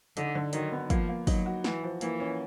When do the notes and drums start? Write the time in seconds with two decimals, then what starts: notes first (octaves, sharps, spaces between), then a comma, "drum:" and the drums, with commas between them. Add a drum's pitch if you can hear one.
0.17 D3 D#4, drum: hi-hat
0.35 D3
0.53 D#3 F#3, drum: hi-hat
0.72 B3
0.90 F3 A#3, drum: kick, hi-hat
1.09 A#3
1.27 F#3 D#4, drum: kick, open hi-hat
1.46 F#4
1.64 E3 F#4, drum: snare
1.83 F3
2.01 E3 A#3, drum: hi-hat
2.20 C#4